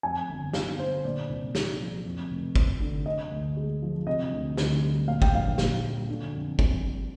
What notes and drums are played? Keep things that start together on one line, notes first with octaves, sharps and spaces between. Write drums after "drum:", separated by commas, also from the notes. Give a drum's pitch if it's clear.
F2 G#5
G1
G1 F5, drum: snare
D3 C5
A#2 D5
C2
G#3, drum: snare
F3
F2
F1
F1, drum: kick
D3
D3 D#5
D2
G#3
F3
C3 D#5
D2
D2, drum: snare
G3
A#2 F5
G5, drum: kick
A#1 F5
A#1, drum: snare
G3
D3
F2
F2, drum: kick
G3